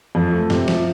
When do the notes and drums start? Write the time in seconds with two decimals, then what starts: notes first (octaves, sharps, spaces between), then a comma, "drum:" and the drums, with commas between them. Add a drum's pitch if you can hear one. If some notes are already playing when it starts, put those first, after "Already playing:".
0.15 F2
0.33 A3
0.50 C3, drum: snare
0.68 F3, drum: snare